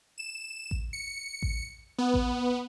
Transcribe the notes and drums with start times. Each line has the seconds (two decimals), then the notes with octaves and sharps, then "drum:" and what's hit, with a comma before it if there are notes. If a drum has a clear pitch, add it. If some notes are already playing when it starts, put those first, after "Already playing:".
0.18 E7
0.71 drum: kick A1
0.93 C#7
1.42 drum: kick A1
1.99 B3
2.14 drum: kick A1